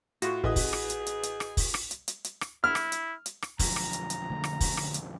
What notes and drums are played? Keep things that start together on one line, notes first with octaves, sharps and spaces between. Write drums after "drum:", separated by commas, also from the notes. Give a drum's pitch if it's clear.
A2 F4 F#4 C#6, drum: hi-hat
A1 G#4 B4 D#5 D#6
drum: kick, open hi-hat
drum: rim click
drum: hi-hat
drum: hi-hat
drum: hi-hat
drum: rim click
drum: kick, open hi-hat
drum: rim click
drum: hi-hat
drum: hi-hat
drum: hi-hat
drum: rim click
E4 F6
drum: rim click
drum: hi-hat
drum: hi-hat
drum: rim click
B1 F2 A#5, drum: kick, open hi-hat
drum: rim click
drum: hi-hat
drum: hi-hat
D3 A3
drum: rim click
drum: kick, open hi-hat
drum: rim click
drum: hi-hat